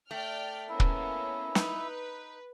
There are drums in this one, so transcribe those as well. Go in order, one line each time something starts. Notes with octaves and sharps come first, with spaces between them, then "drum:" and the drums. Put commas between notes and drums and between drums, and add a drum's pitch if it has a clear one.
A3 D5 G5 F6
A#3 B3 C#4 E4
drum: kick
D#4 B4, drum: snare